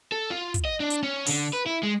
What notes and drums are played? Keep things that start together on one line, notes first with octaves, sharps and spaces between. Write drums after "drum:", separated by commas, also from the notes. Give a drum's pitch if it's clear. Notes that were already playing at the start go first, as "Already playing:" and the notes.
A4
F4
drum: kick, hi-hat
D#5
D4
drum: hi-hat
C#4
D3, drum: open hi-hat
B4
E4
G#3